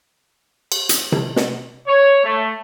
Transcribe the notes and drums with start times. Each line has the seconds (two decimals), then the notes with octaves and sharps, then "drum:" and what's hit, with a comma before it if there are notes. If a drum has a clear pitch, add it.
0.72 drum: cymbal
0.89 drum: hi-hat
1.12 drum: tom C3
1.36 drum: snare
1.87 C#5
2.24 A3